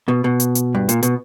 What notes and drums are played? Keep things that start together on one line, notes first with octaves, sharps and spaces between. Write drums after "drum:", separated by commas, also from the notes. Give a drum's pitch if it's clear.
B2
B2
drum: hi-hat
drum: hi-hat
G2
A#2, drum: hi-hat
B2, drum: hi-hat